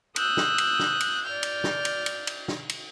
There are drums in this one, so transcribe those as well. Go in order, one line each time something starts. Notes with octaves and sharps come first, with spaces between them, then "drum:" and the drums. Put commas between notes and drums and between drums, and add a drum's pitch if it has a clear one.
D#6 E6 F#6 G6, drum: cymbal
drum: snare
drum: cymbal
drum: snare
drum: cymbal
D5 F6 G6
drum: cymbal
drum: snare
drum: cymbal
drum: cymbal
drum: cymbal
drum: snare
drum: cymbal